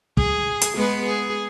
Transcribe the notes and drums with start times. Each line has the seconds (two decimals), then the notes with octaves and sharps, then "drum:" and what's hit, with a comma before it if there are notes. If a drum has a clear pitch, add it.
0.17 G#4, drum: kick
0.61 drum: hi-hat
0.75 G#3 B3 B4
1.06 G#4